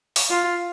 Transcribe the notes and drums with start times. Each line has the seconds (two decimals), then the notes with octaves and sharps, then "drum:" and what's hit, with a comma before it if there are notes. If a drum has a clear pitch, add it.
0.16 drum: open hi-hat
0.30 F4